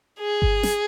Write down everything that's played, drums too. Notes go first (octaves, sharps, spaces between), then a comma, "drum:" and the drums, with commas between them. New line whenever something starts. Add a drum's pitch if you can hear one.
G#4
drum: kick G1
drum: snare